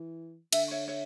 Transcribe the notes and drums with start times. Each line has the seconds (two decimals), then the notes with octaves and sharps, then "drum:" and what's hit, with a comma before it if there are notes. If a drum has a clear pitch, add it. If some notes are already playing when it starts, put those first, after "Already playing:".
Already playing: E3
0.53 D3 E5, drum: cymbal
0.71 C#5 E5
0.88 C#5 E5